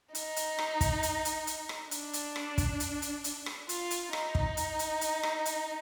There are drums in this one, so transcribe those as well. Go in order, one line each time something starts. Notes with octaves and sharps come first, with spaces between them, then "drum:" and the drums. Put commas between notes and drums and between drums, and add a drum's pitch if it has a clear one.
D#4, drum: hi-hat
drum: hi-hat
drum: rim click
drum: kick, hi-hat
drum: hi-hat
drum: hi-hat
drum: hi-hat
drum: rim click
D4, drum: hi-hat
drum: hi-hat
drum: rim click
drum: kick, hi-hat
drum: hi-hat
drum: hi-hat
drum: hi-hat
drum: rim click
F4, drum: hi-hat
drum: hi-hat
D#4, drum: rim click
drum: kick
drum: hi-hat
drum: hi-hat
drum: hi-hat
drum: rim click
drum: hi-hat